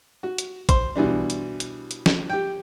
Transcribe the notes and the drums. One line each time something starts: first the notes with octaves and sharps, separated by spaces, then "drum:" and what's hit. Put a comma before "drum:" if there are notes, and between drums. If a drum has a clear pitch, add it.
F#4
drum: hi-hat
C5 C6, drum: kick, hi-hat
B2 E3 G3 D4
drum: hi-hat
drum: hi-hat
drum: hi-hat
drum: snare
G4 G5